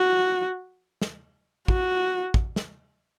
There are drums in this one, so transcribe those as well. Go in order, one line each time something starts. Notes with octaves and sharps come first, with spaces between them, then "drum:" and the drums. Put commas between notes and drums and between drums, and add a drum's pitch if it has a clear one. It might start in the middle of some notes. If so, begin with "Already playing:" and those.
Already playing: F#4
drum: snare
F#4, drum: kick
drum: kick
drum: snare